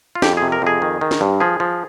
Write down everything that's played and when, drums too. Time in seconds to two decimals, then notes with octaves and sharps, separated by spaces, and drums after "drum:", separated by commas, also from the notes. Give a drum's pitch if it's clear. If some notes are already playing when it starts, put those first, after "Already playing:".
0.15 F4
0.22 F2 G4, drum: snare
0.37 C3 G#4
0.52 A#4
0.62 F2 G#4
0.82 D#3
1.01 D#3
1.11 drum: snare
1.21 G2
1.40 F3 G#4
1.60 F3